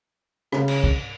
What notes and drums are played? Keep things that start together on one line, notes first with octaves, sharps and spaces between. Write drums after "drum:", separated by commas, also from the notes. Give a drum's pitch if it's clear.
C#3, drum: rim click
drum: cymbal
drum: kick